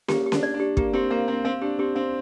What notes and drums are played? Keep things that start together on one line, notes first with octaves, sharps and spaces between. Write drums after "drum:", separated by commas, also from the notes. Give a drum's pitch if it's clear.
A#3 G4, drum: snare C#4
G4
D4, drum: snare C#4
D5
D4
G4
A#3 G4, drum: kick
C4 G4
A#3 F5
C4 F5
C4 F5
D4 G4
C4 G4
C4 F5